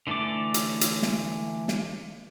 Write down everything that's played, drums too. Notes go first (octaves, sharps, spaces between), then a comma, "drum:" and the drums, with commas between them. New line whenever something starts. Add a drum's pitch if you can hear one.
D3 E3 A3 A4 D6
drum: hi-hat
drum: hi-hat
drum: snare
drum: snare